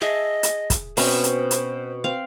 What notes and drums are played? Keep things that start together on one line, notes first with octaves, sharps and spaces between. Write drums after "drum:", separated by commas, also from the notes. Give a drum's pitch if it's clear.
G#4 D#5 E5 A5
drum: hi-hat
drum: kick, hi-hat
B2 C4 C#4 C5, drum: open hi-hat
drum: hi-hat
drum: hi-hat
C4 F5